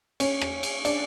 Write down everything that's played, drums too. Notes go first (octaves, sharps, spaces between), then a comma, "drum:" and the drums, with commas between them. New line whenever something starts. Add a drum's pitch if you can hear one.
C#4, drum: cymbal
drum: rim click
drum: cymbal
D4, drum: cymbal